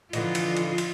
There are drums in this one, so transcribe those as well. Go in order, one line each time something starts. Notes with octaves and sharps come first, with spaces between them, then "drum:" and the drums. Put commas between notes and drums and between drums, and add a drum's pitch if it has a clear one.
D3 E3 F3 D#4 F4, drum: cymbal
drum: cymbal
drum: cymbal
drum: cymbal